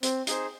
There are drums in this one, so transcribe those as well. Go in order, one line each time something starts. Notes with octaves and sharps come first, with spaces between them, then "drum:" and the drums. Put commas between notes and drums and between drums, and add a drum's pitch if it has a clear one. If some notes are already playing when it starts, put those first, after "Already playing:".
C4, drum: hi-hat
D#4 G#4 C5, drum: hi-hat